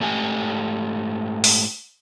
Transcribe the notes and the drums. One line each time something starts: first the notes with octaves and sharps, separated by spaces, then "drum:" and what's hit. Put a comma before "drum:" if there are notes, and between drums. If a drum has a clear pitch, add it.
G#2 A3 G4 G#5
drum: open hi-hat